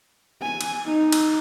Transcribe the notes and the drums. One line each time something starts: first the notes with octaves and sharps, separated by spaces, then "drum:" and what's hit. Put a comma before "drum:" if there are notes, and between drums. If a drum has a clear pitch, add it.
G#5
drum: cymbal
D#4
drum: cymbal